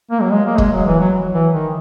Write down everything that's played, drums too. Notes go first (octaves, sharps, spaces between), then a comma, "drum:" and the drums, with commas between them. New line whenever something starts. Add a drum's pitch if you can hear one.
A#3
F#3
G#3
A#3
G#3, drum: kick
F#3
E3
F#3
E3
D#3